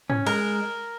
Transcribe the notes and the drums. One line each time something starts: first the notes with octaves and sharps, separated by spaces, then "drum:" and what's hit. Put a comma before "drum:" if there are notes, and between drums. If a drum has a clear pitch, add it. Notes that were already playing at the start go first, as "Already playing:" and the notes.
C#4, drum: tom G#2
G#3 A#4, drum: cymbal